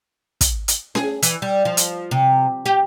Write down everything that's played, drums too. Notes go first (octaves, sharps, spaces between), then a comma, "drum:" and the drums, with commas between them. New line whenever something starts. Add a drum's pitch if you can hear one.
drum: kick, hi-hat
drum: hi-hat
G#4, drum: snare C#4
E3, drum: hi-hat
G3
F3
drum: hi-hat
C3
G4